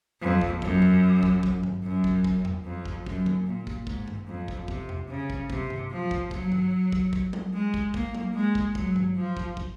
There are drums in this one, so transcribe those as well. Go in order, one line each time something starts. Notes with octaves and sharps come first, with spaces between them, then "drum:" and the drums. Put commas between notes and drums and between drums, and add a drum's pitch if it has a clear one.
F2
drum: kick
F#2, drum: kick
drum: tom E2
drum: kick
drum: kick
drum: tom G2
F#2
drum: kick
drum: kick
drum: tom E2
F2
drum: kick
F#2, drum: kick
drum: tom D3
A#2
drum: kick
G#2, drum: kick
drum: tom G2
F2
drum: kick
C3, drum: kick
drum: tom E2
C#3
drum: kick
C3, drum: kick
drum: tom G2
F3
drum: kick
F#3, drum: kick
drum: tom G2
drum: kick
drum: kick
drum: tom F#3
G#3
drum: kick
A#3, drum: kick
drum: tom F#3
G#3
drum: kick
F#3, drum: kick
drum: tom G2
F3
drum: kick
drum: kick